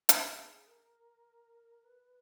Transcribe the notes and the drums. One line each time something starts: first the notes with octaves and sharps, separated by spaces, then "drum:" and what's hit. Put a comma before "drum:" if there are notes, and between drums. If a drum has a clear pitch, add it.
G#4, drum: hi-hat
A#4
B4